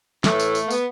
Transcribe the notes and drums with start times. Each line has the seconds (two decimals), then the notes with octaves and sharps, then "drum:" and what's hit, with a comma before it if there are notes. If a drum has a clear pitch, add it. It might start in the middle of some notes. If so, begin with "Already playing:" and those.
0.24 A2 E3 A3, drum: snare
0.40 drum: tambourine
0.55 drum: tambourine
0.66 A#3
0.71 B3, drum: tambourine